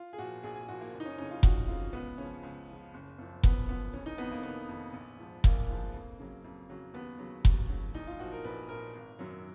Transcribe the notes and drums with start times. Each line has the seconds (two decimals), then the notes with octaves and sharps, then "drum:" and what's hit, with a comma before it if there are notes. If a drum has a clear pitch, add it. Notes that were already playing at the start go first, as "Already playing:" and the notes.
Already playing: F4
0.13 G#4
0.18 A#2 F3 F#4
0.43 A#1 G#4
0.55 G#4
0.69 A#2 F3 F#4
0.81 A#3
0.93 F#1
1.00 D#4
1.05 C#4
1.18 F2 C#3 C#4
1.31 F4
1.43 F#1 F#4, drum: kick F1
1.68 F2 C#3 F4
1.93 C#2 B3
2.18 C#3 F3 C#4
2.43 C#2
2.69 C#3 F3
2.94 F#1
3.19 F#2 F3
3.43 F#1 B3, drum: kick F1
3.68 F#2 F3 B3
3.93 F1 C#4
4.06 D#4
4.18 F2 D#3 B3
4.32 A#3
4.43 F1 B3
4.69 F2 D#3
4.93 A#1
5.18 G#2 F3
5.44 A#1 A#3, drum: kick F1
5.69 G#2 F3
5.94 F2
6.20 C#3 F#3
6.44 F2
6.70 C#3 F#3
6.93 D#2 B3
7.19 C#3 F#3
7.45 D#2, drum: kick F1
7.69 C#3 F#3
7.94 A#1 D#4
8.07 F4
8.19 A#2 F3 F#4
8.32 A#4
8.45 A#1 B4
8.69 A#2 F3 A#4
8.95 G#1
9.19 F#2 D#3 F#3